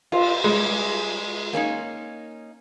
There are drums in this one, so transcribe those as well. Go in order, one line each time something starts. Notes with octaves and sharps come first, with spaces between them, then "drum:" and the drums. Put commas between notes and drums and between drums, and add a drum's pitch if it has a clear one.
F4, drum: cymbal
G3 G#3 C#4
A#3 C#4 D#4